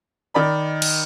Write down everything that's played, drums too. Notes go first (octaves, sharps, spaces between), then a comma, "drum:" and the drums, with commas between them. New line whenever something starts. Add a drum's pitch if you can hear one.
D#3 D5 B5
drum: cymbal